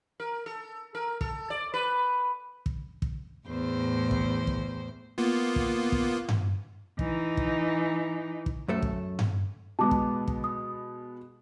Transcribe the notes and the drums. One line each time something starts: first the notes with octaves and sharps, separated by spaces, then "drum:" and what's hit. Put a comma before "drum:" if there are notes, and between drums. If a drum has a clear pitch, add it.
A#4
A4
A#4
A4, drum: kick
D5
B4
drum: kick
drum: kick
E2 A2 C5
drum: kick
drum: kick
A#3 B3 F4
drum: kick
drum: kick
drum: tom G2
E3 D#4, drum: kick
drum: kick
drum: kick
F#2 A3 A4
drum: kick
drum: tom G2
B2 G#3 B3 A5 D6
drum: kick
drum: kick
D#6